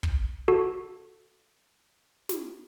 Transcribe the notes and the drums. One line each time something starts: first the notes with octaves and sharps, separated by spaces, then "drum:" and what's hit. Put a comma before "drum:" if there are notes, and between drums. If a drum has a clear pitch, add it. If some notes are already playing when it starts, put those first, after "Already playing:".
drum: kick
F#4 A4
drum: snare